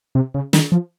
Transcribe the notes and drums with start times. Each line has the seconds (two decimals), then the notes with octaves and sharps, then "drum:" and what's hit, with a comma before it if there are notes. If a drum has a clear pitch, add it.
0.15 C3
0.34 C#3
0.53 D#3, drum: snare
0.72 F3